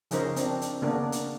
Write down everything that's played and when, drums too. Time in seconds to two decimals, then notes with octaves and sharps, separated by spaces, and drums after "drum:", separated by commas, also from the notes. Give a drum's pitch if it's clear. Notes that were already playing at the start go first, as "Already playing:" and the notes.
0.11 C#3 F3 C#4 D#4 A#4 C5, drum: hi-hat
0.36 C4 D4, drum: hi-hat
0.62 drum: hi-hat
0.82 C#3 A#3 B3 D4 A#4
1.12 drum: hi-hat